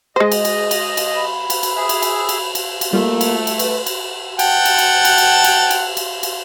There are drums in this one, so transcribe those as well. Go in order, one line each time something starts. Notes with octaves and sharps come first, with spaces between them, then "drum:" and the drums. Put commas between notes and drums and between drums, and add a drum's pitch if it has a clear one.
G#3 G#4 C5 D#5
drum: cymbal
drum: cymbal
drum: cymbal
drum: cymbal
B5
drum: cymbal
drum: cymbal
G#4 E5
drum: cymbal
drum: cymbal
drum: cymbal
drum: cymbal
drum: cymbal
G3 A3 A#3 F4
drum: cymbal
drum: cymbal
B4, drum: cymbal
drum: cymbal
F#5 G5 A5, drum: cymbal
drum: cymbal
drum: cymbal
drum: cymbal
drum: cymbal
drum: cymbal
drum: cymbal
drum: cymbal
drum: cymbal